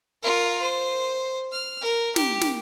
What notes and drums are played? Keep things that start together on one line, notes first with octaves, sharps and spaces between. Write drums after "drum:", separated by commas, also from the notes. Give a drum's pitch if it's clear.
F4 A#4
C5
F6
A#4
G4, drum: snare
drum: snare